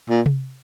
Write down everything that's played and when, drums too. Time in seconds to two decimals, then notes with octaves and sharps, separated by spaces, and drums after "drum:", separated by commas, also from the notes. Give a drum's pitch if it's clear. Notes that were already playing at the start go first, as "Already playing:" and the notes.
0.09 A#2
0.26 drum: tom C3